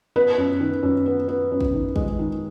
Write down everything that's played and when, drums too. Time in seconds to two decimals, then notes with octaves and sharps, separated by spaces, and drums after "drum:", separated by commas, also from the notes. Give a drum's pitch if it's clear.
0.16 B3 B4
0.38 F#2
0.61 D#3
0.83 F#2
1.06 B3
1.28 B3
1.51 F#2
1.61 drum: kick
1.74 D#3
1.96 G#3, drum: kick
2.19 D#3